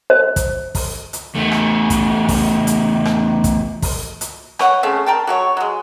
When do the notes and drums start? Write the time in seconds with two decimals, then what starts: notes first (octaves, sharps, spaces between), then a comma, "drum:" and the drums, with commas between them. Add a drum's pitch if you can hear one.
0.10 C5
0.36 drum: kick, hi-hat
0.75 drum: kick, open hi-hat
1.13 drum: hi-hat
1.35 E2 A3
1.52 drum: rim click
1.90 drum: kick, hi-hat
2.29 drum: kick, open hi-hat
2.67 drum: hi-hat
3.05 drum: rim click
3.44 drum: kick, hi-hat
3.82 drum: kick, open hi-hat
4.21 drum: hi-hat
4.59 B4 C#5 F#5, drum: rim click
4.83 C#3 A3 C4
5.06 A#4 G5 A5
5.27 F#3 F#4 C#5
5.57 F#3 G#3